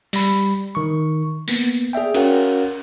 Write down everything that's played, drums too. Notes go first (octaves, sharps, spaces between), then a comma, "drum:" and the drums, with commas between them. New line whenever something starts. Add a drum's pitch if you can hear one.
G3 B5, drum: open hi-hat
D#3 C#6
A#3 B3, drum: open hi-hat
G#4 D5 E5 G5
C#4 F#4 A#4 F5 F#5, drum: cymbal